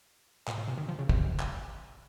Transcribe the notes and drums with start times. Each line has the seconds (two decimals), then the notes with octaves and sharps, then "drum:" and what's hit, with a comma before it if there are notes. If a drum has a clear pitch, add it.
0.48 A#2, drum: clap
0.58 A#2
0.68 C3
0.78 D#3
0.89 F3
0.99 C#3
1.09 C3, drum: kick
1.40 drum: clap